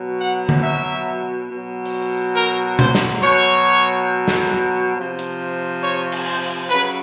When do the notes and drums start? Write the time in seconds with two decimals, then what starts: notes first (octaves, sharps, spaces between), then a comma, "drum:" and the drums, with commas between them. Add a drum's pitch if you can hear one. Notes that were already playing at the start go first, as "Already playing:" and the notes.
Already playing: B2 F#3
0.19 F#5
0.49 drum: tom D3
0.62 E5
1.49 B2 F#3
1.85 drum: open hi-hat
2.35 A#4
2.79 C5, drum: tom B2
2.95 drum: snare
3.22 B2 F#3 C#5
4.28 drum: snare
4.96 C3 F3
5.19 drum: hi-hat
5.83 C#5
6.12 drum: cymbal
6.26 C5, drum: cymbal
6.69 C#3 F#3 B4